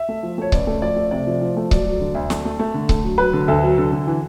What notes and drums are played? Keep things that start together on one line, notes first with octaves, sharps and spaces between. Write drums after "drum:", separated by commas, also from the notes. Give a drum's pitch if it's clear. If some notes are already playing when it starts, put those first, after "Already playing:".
Already playing: E5
A3
F3
A3 C#5
C#2 D5, drum: kick C#1
A3
F3 D5
A3
C3 D5
F3
F3
A3
F#3 D5, drum: kick C#1
F#3
D3
D2
A3, drum: snare
A3
A3
D3
A3, drum: kick C#1
F#3
F#3 B4
D3
D2 A4
F#3
D3
D3
E3